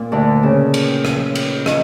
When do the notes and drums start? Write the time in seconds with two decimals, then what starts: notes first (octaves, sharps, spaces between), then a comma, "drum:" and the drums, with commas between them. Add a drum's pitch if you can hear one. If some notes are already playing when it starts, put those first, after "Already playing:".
Already playing: A#2
0.12 D2 D3
0.43 C#3
0.74 drum: cymbal
1.05 drum: rim click
1.35 drum: cymbal
1.66 D#3, drum: rim click